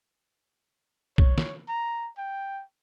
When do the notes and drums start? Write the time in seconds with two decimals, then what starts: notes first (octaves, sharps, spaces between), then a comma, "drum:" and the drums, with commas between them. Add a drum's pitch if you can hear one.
1.18 C#5, drum: kick
1.38 drum: snare
1.68 A#5
2.18 G5